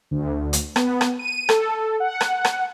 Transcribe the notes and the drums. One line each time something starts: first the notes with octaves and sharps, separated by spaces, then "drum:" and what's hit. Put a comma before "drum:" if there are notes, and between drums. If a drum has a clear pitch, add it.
D2
drum: hi-hat
B3, drum: rim click
drum: rim click
D#7
A4, drum: rim click
F#5
drum: rim click
drum: rim click